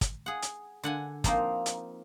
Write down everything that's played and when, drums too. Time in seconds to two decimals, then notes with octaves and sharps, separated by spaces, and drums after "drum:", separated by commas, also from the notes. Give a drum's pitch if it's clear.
0.01 drum: kick, hi-hat
0.26 G#4 F#5
0.42 drum: hi-hat
0.83 D3 F#5 G#5
1.24 F3 A#3 C4 D#4, drum: kick, hi-hat
1.66 drum: hi-hat